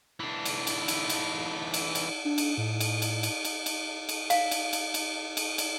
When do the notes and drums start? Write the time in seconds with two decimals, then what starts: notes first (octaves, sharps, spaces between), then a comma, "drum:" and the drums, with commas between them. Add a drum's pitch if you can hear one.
0.20 E3 D4
0.45 drum: cymbal
0.67 drum: cymbal
0.88 drum: cymbal
1.10 drum: cymbal
1.74 drum: cymbal
1.95 drum: cymbal
2.25 D4
2.38 drum: cymbal
2.58 A2
2.80 drum: cymbal
3.02 drum: cymbal
3.23 drum: cymbal
3.45 drum: cymbal
3.66 drum: cymbal
4.09 drum: cymbal
4.30 F5, drum: cymbal
4.51 drum: cymbal
4.73 drum: cymbal
4.94 drum: cymbal
5.37 drum: cymbal
5.58 drum: cymbal